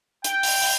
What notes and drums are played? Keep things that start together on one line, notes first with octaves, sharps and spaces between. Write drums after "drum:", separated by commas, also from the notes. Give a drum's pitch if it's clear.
G5, drum: hi-hat
drum: open hi-hat
drum: open hi-hat